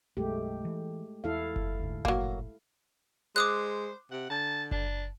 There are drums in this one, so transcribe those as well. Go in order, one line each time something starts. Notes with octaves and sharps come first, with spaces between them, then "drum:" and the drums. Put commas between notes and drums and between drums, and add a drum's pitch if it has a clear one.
B1 F#2 G#3 A3 G4
E3
E2 E4 A4 F5
drum: kick F#1
D2 G#2
A#1 A2 F#3 A#3, drum: kick F#1
G#3 C5 D6 D#6 F#6
C3 F#5
D3 A5
D4, drum: kick F#1